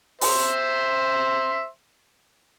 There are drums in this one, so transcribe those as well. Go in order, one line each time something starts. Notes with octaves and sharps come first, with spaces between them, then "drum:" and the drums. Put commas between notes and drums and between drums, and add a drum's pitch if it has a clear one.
C5 E5 C6, drum: open hi-hat